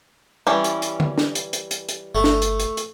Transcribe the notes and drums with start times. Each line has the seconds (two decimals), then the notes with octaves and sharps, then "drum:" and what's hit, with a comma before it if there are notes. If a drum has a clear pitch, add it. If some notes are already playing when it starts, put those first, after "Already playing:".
0.47 E3 G3 C#4
0.64 drum: hi-hat
0.82 drum: hi-hat
1.00 drum: tom D3
1.18 drum: snare
1.35 drum: hi-hat
1.53 drum: hi-hat
1.71 drum: hi-hat
1.89 drum: hi-hat
2.15 G1 A3
2.24 drum: snare
2.42 drum: hi-hat
2.60 drum: hi-hat
2.77 drum: hi-hat